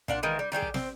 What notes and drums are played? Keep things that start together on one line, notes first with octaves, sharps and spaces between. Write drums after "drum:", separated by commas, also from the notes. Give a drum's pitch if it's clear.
A#2 D4 F#5, drum: kick
D#3 E3 G#3 A#3
G3
D#3 G3 G4 G#4
drum: kick
C4, drum: snare